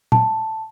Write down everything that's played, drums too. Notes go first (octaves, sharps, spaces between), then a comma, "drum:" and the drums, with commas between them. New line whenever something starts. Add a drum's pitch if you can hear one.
A5, drum: tom A#2